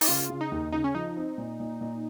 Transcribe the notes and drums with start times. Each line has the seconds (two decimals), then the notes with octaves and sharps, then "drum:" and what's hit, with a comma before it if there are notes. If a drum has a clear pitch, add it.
0.01 D#4, drum: open hi-hat
0.08 C#3 F4
0.30 C#3
0.41 D#4
0.52 D#2
0.72 C#3 D#4
0.84 C#4
0.95 F3 D#4
1.17 C4
1.38 A#2
1.60 A#2
1.81 A#2